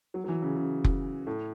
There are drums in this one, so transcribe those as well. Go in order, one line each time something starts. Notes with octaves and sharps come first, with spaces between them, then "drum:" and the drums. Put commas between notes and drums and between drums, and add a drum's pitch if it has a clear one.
F#3
F#3
E3
C#3
C#3
drum: kick F1
A2